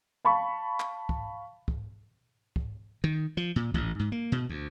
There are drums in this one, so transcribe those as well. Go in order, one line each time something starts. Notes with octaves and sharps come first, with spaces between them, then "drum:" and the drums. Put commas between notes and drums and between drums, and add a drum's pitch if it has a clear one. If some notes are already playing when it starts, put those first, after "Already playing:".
F5 A5 B5 C#6
drum: clap
drum: kick
drum: kick
drum: kick
D#3
F3
A#2
A1, drum: kick
G#2
A#3
B2, drum: tom
D2